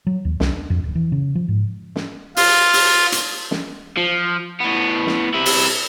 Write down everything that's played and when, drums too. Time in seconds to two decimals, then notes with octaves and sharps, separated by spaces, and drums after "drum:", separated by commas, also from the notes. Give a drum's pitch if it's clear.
0.07 F#3
0.25 D#2
0.40 C2, drum: snare
0.53 D4
0.70 F2
0.84 D1
0.95 E3
1.12 C#3
1.35 F3
1.48 G#2
1.96 drum: snare
2.37 F4, drum: open hi-hat
2.73 drum: open hi-hat
3.12 drum: hi-hat
3.51 drum: snare
3.97 F3
4.61 A2 B3
5.07 drum: snare
5.34 C3 E4
5.46 drum: open hi-hat